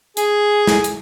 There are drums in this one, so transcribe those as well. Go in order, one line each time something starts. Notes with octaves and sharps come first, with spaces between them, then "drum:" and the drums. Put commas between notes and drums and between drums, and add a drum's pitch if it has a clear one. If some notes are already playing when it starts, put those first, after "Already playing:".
G#4, drum: hi-hat
drum: snare
drum: hi-hat